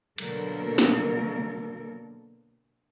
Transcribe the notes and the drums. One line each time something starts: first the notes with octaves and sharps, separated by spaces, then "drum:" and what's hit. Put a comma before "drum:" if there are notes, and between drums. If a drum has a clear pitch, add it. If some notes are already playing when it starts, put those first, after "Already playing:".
B2 D3 F#3 A#3 A4 A#4, drum: cymbal
drum: snare